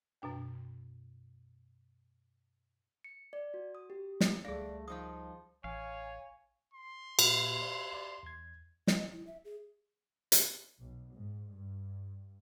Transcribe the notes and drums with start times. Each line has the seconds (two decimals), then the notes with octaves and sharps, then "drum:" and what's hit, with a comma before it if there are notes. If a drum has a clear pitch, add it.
0.22 F#2 B2 D4 G5
3.04 C#7
3.33 D5
3.54 F#4
3.75 D#6
3.90 G4
4.21 A3, drum: snare
4.45 C#2 D3 G3 A3 G#4 D5 F5 A#6
4.88 D#3 F3 D#4 F4 F5 D#6
5.64 A1 C#5 F5 G#5
6.74 C6
7.19 A#2 F#4 C7, drum: cymbal
7.61 C5 D5 F5
7.94 D5
8.23 E2 G#6
8.87 D#5, drum: snare
9.13 E4
9.27 E5
9.45 G#4
10.32 drum: hi-hat
10.80 B1
11.16 G#2
11.50 G2